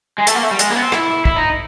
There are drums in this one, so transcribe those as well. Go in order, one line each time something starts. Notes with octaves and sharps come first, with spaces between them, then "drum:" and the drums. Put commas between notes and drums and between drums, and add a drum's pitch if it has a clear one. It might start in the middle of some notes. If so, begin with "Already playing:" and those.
G#3
A3, drum: hi-hat
A#3
A3
G3
G#3, drum: hi-hat
A#3
B3
C4
E4, drum: rim click
E4, drum: kick
D#4